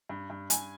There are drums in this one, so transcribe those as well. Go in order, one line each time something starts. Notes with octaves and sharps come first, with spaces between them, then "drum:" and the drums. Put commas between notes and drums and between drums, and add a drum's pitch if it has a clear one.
G2
G2
G2 G#5, drum: hi-hat